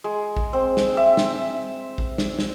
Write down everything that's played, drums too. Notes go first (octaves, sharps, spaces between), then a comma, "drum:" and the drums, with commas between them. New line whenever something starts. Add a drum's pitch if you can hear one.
G#3
drum: kick
C4
drum: snare
E5
drum: snare
drum: kick
drum: snare
drum: snare